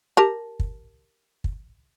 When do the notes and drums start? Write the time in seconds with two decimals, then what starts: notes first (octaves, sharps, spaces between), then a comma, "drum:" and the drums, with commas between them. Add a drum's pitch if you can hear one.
0.17 G4 A#4 A5
0.60 drum: kick
1.44 drum: kick